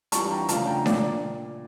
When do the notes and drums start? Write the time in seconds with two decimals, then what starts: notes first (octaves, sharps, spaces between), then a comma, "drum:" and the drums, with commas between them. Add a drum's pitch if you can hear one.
0.12 E3 G3 D4 F4 A5 C#6, drum: hi-hat
0.30 G5 A#5
0.49 C#3 F3 A3 D4 F4 F5 A5, drum: hi-hat
0.67 G5 A#5
0.86 A#2 D5, drum: snare D4